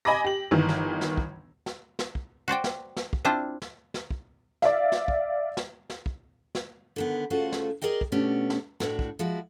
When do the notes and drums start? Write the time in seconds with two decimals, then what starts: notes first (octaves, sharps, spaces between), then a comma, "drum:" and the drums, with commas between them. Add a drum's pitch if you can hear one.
0.05 D#5 G#5 B5 D6 A#6
0.24 G4 F#7
0.51 G1 D#3 E3
0.69 drum: snare
1.01 drum: snare
1.17 drum: kick
1.66 drum: snare
1.99 drum: snare
2.15 drum: kick
2.48 F#4 C5 D5 G5
2.64 drum: snare
2.97 drum: snare
3.13 drum: kick
3.25 C4 D4 E4 F4 C5
3.62 drum: snare
3.94 drum: snare
4.10 drum: kick
4.62 D5 E5 F5, drum: snare
4.92 drum: snare
5.08 drum: kick
5.57 drum: snare
5.90 drum: snare
6.06 drum: kick
6.55 drum: snare
6.96 D3 D#3 B3
7.30 C#3 A3 F4 F#4 A4 C5
7.52 drum: snare
7.82 G#4 A#4 D5 D#5 G5
8.01 drum: kick
8.12 B2 A3 B3 C#4 D4 G4
8.50 drum: snare
8.80 A2 D4 F#4, drum: snare
8.99 drum: kick
9.19 F3 G#3 E4 F#4